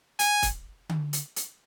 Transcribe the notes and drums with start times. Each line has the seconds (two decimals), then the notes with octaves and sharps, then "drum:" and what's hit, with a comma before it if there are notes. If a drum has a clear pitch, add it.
0.19 G#5, drum: hi-hat
0.43 drum: kick, hi-hat
0.89 drum: tom D3
1.13 drum: hi-hat
1.36 drum: hi-hat